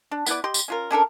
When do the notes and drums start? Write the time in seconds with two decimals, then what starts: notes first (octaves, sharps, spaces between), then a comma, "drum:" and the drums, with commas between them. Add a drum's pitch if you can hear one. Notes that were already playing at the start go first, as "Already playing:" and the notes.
0.11 D4
0.26 B3 E4 B4 D5, drum: tambourine
0.44 G4 D#5 C6
0.54 drum: tambourine
0.68 C#4 F4 A#4
0.91 C#4 D4 A4 A#4